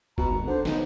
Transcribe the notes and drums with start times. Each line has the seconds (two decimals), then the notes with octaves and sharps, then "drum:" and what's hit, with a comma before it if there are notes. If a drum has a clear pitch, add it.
0.18 B2 A#5, drum: kick F#1
0.30 G#1
0.47 D3 C5
0.65 B1 D#4, drum: snare